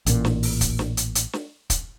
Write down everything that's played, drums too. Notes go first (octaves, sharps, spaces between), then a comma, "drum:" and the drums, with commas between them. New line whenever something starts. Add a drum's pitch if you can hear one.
A1 A#2, drum: hi-hat
drum: snare
drum: open hi-hat
drum: kick, hi-hat
drum: snare
drum: hi-hat
drum: hi-hat
drum: snare
drum: kick, hi-hat